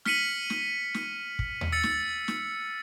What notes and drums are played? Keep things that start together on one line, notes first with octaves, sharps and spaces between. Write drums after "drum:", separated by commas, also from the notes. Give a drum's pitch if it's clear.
F6 B6 C#7 D#7 F#7, drum: snare
drum: snare
drum: snare
drum: kick
drum: tom D#2
E6 A6 C#7
drum: snare
drum: snare